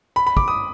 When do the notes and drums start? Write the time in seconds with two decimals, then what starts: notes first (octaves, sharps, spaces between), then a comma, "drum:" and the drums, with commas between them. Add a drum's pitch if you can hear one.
0.16 B5
0.27 B5
0.37 D6, drum: kick
0.48 D#6